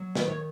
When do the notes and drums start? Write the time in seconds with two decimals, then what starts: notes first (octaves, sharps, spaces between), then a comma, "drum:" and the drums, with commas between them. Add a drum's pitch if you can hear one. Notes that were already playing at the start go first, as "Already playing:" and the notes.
Already playing: F#3
0.15 D#3 B4, drum: snare
0.28 C#5